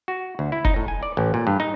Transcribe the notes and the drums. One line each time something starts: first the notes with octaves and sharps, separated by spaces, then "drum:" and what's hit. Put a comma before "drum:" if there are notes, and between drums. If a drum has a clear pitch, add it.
F#4
D2
E4
D#4, drum: kick
A2
G#5
D5
A1
A#2
G2
D#4